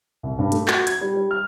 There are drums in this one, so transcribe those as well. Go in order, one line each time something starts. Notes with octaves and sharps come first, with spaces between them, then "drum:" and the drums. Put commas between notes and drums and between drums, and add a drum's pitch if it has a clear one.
C2
G2
A3, drum: hi-hat
F#4, drum: clap
G#6, drum: hi-hat
G3
G3
F6